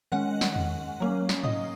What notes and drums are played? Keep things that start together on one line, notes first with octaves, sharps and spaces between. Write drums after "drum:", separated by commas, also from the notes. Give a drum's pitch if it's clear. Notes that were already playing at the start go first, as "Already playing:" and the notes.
D#3 G#3 C#4 F#5 F#6
drum: snare
drum: tom E2
F#3 A#3 C#4
drum: snare
D#5 D#6, drum: tom G#2